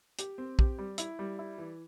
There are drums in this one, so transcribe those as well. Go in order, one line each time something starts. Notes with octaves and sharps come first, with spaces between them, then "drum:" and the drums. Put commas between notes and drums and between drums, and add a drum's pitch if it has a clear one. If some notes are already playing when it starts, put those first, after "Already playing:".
G4, drum: hi-hat
C4
G4, drum: kick
G3
E4, drum: hi-hat
G3
E4
E3